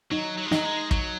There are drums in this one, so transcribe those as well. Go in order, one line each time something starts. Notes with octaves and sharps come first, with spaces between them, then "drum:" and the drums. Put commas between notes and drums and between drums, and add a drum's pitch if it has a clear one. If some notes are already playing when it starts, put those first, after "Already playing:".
F#3 D#4
F#3
G#3
F#3 D#4, drum: snare
G#3
F#3, drum: kick